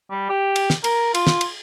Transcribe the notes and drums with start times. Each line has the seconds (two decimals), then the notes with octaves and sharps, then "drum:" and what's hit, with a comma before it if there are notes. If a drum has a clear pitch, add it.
0.11 G3
0.30 G4
0.56 drum: cymbal
0.70 drum: snare
0.84 A#4, drum: cymbal
1.14 F4, drum: cymbal
1.27 drum: snare
1.41 drum: cymbal